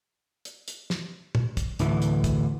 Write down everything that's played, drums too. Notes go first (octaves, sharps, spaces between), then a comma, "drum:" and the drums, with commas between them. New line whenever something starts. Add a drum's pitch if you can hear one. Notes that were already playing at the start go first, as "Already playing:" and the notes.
drum: hi-hat
drum: hi-hat
drum: snare
drum: tom
drum: kick, hi-hat
D2 A2 E3, drum: hi-hat
drum: hi-hat
drum: kick, hi-hat